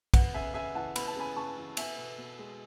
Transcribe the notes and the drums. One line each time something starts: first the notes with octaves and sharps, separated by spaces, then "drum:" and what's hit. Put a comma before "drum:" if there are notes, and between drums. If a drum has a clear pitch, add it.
B3 F#5, drum: kick, cymbal
C#3 E5 G#5
C#3 E5 G#5
E3 F#5 A5
B3 B5, drum: cymbal
A5
C#3 G#5 B5
C#3 A5 C#6
E3
B3 E5 G#5, drum: cymbal
B2
B2
G#3